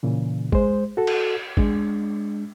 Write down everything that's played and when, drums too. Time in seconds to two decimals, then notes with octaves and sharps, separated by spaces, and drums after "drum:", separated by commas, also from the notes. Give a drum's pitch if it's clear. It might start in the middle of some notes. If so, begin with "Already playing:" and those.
0.03 A#2 C#3 E3
0.52 G#3 C5, drum: kick
0.97 F#4 A4
1.07 drum: cymbal
1.57 G#3 D4, drum: kick